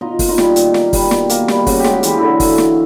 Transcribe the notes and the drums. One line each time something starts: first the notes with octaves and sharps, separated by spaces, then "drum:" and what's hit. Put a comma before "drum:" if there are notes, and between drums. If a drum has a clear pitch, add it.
B2 D#4 F4
A#3, drum: kick, open hi-hat
D#4 F4
G3, drum: snare
D#3, drum: hi-hat
A#3, drum: snare
G3, drum: kick, open hi-hat
B2, drum: snare
A#3, drum: hi-hat
G3, drum: snare
C#3 F#4, drum: kick, open hi-hat
G4
G#3, drum: snare
F#4
E3 G4, drum: hi-hat
D3 E4 F#4
drum: kick, open hi-hat
drum: snare